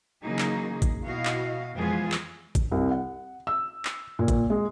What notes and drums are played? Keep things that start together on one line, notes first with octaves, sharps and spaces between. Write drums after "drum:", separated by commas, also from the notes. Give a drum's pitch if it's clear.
C#3 E3 F#3 A#3 D#4 G#4
drum: clap
drum: kick, hi-hat
B2 E4 F#4 D#5 F5
drum: clap
F2 E3 G#3 B3 F4 G#4
drum: clap
drum: kick, hi-hat
C2
F#5
E6
drum: clap
A#2
drum: kick, hi-hat
G#3